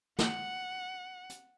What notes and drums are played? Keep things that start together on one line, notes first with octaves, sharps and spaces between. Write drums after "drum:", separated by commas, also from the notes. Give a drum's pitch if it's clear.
F#5, drum: snare
drum: hi-hat